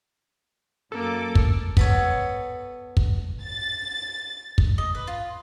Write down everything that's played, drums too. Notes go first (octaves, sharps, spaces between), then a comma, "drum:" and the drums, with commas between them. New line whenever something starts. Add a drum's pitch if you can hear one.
F#2 A#3 A4 D6
drum: kick
B3 A4 C#5, drum: kick
drum: kick
A6
drum: kick
D#5
B4
F4